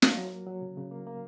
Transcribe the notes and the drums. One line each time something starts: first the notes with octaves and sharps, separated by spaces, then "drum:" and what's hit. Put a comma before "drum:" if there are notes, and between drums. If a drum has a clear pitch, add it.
F#3, drum: snare
F#3
A#3
F#3
C#3
C#3
A#3
A#3